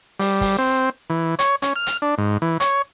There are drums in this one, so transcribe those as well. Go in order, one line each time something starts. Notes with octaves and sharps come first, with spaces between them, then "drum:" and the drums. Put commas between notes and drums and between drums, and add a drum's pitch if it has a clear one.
G3, drum: open hi-hat
drum: kick, open hi-hat
C4
E3
C#5, drum: hi-hat
C#4, drum: hi-hat
F6
drum: hi-hat
D4
G#2
E3
C#5, drum: hi-hat